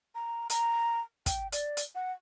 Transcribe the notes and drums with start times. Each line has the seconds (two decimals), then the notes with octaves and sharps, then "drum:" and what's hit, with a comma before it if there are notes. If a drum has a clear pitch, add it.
0.15 A#5
0.50 A#5, drum: hi-hat
1.26 G5, drum: kick, hi-hat
1.52 D5, drum: hi-hat
1.77 drum: hi-hat
1.95 F#5